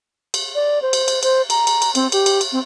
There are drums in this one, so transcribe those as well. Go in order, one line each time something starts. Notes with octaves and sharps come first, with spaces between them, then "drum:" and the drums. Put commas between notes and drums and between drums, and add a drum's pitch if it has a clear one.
drum: cymbal
D5
C5
drum: cymbal
drum: cymbal
C5, drum: cymbal
A#5, drum: cymbal
drum: cymbal
drum: cymbal
C4, drum: cymbal
G4, drum: cymbal
drum: cymbal
drum: cymbal
C4